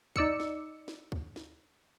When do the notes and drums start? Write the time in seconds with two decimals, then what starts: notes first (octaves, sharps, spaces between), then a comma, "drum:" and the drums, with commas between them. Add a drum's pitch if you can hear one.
0.16 D#4 D5 E6 C#7, drum: kick C#2
0.40 drum: snare
0.88 drum: snare
1.12 drum: kick C#2
1.36 drum: snare